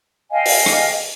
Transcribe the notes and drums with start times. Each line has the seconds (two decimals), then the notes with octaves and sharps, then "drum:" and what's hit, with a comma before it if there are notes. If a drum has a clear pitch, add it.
0.31 D#5 F5 G5 G#5
0.45 drum: open hi-hat
0.66 drum: rim click